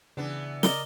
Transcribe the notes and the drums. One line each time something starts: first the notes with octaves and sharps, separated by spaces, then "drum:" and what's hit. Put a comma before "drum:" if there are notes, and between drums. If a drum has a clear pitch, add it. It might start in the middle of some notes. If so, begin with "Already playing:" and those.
C#3 E3 B3 D4
A#4 D5 D#5 G7, drum: snare